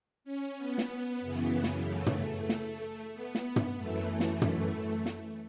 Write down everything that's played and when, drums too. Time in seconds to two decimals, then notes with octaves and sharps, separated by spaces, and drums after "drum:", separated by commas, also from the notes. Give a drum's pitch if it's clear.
0.24 C#4
0.57 B3
0.78 drum: snare
1.20 F#2 C#3 E3
1.64 drum: snare
1.86 A3
2.06 drum: tom
2.49 drum: snare
3.14 B3
3.35 drum: snare
3.56 drum: tom
3.77 F#2 E3 A3
4.20 drum: snare
4.42 drum: tom
5.06 drum: snare